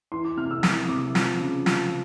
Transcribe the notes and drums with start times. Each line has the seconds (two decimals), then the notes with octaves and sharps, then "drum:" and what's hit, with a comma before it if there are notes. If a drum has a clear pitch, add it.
0.12 E3 C6
0.25 D6
0.37 C3 F6
0.51 E6
0.63 E3 D#6, drum: snare
0.89 C3 D6
1.15 F3, drum: snare
1.41 C#3
1.66 F3, drum: snare